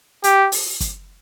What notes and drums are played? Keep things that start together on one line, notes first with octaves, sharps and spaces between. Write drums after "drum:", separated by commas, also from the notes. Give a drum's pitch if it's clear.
G4, drum: hi-hat
drum: open hi-hat
drum: kick, hi-hat